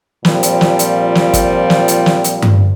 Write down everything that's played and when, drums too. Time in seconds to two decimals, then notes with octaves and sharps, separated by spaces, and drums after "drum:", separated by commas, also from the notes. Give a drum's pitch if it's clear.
0.25 A#2 F3 G3 C4, drum: snare
0.43 drum: hi-hat
0.61 drum: snare
0.79 drum: hi-hat
1.15 drum: snare
1.33 drum: kick, hi-hat
1.70 drum: snare
1.88 drum: hi-hat
2.06 drum: snare
2.24 drum: hi-hat
2.42 drum: tom G2